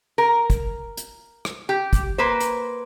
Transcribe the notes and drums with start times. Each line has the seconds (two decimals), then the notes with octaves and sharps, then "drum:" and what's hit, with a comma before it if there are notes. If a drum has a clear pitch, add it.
0.18 A#4
0.50 drum: kick, hi-hat
0.97 drum: hi-hat
1.45 drum: rim click
1.69 G4
1.93 drum: kick, hi-hat
2.18 A#3 B4 C5
2.40 drum: hi-hat